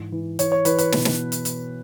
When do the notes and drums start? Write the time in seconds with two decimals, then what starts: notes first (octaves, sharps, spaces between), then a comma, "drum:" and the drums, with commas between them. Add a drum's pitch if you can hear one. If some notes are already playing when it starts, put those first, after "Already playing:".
Already playing: G#2 E3
0.12 E3
0.39 E3 C#5, drum: hi-hat
0.52 C#5
0.65 E3 B4, drum: hi-hat
0.78 B4, drum: hi-hat
0.92 B2, drum: snare
1.05 drum: snare
1.32 drum: hi-hat
1.45 drum: hi-hat